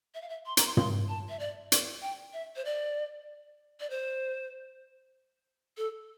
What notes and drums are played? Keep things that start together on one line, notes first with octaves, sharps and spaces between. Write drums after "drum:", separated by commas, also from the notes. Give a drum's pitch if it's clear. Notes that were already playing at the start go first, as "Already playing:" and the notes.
E5
F5
E5
C6
A#5, drum: hi-hat
C6
C6, drum: tom
A5
E5
D5
D5, drum: hi-hat
G5
E5
C5
D5
D5
C5
A4